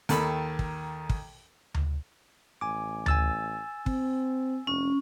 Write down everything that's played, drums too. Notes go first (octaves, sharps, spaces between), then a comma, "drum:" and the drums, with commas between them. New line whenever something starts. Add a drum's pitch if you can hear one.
D#2 D#3 A4 B5, drum: hi-hat
drum: kick
drum: kick
drum: tom D2
A1 G#5 D6
G#5 E6 A6, drum: tom D2
C4, drum: kick
F1 C#4